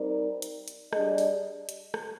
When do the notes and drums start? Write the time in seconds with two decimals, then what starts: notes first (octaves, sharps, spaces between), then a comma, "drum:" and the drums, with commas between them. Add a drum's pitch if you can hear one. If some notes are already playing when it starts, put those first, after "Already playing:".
Already playing: G3 C4 D#4 A#4 D5
0.42 drum: hi-hat
0.68 drum: hi-hat
0.93 G3 D4 G#4 D#5, drum: rim click
1.18 drum: open hi-hat
1.69 drum: hi-hat
1.94 drum: rim click